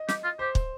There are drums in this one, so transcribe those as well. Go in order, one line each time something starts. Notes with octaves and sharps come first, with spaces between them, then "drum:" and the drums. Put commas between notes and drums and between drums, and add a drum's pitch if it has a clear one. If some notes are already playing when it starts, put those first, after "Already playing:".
Already playing: D#5
G4, drum: snare
F4
G4 C5
drum: kick